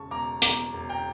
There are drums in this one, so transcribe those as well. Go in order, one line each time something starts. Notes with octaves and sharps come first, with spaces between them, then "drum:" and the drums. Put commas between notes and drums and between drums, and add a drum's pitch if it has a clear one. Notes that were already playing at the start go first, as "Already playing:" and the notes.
Already playing: E1 C#3 A5 C#6
E1 A#5 D6
E2 A#5 D6, drum: hi-hat
E1
G5 A#5